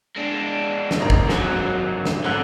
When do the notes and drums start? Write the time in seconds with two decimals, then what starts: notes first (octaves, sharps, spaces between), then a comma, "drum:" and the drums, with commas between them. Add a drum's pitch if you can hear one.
0.17 G#3 D4
0.91 drum: snare
1.00 G#1 D#4 A#4
1.10 drum: kick
1.29 G#2 F#3, drum: snare
2.05 drum: snare
2.25 G#1 D3 F#5 F#6